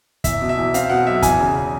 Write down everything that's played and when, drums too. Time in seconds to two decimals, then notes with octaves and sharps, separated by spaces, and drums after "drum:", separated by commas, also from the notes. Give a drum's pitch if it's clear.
0.24 E2 E5, drum: kick, hi-hat
0.41 B2
0.49 E5
0.57 E2
0.74 C4 F5, drum: hi-hat
0.89 B2 F#5
1.07 B1 E5
1.23 E2 G#5, drum: kick, hi-hat
1.40 C#3